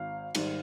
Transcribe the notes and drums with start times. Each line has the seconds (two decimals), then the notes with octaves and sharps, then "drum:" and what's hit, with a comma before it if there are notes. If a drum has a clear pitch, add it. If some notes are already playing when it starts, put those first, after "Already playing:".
Already playing: G#1 F5
0.35 G#2 D#3 G3, drum: cymbal